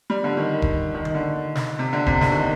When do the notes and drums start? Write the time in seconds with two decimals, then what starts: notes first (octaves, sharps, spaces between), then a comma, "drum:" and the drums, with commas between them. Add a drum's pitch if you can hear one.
0.10 G3
0.24 D3
0.37 D#3
0.62 drum: kick E1
0.94 D#3
1.05 drum: tom D3
1.15 D3
1.55 drum: snare
1.79 C3
1.93 D3
2.06 C3, drum: kick E1
2.21 D3, drum: snare
2.32 D#3